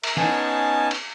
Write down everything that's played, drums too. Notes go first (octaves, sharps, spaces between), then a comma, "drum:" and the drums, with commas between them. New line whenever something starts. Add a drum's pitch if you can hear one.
A#4 E5, drum: cymbal
B3 C#4 D#4 G#5 A5, drum: snare
drum: cymbal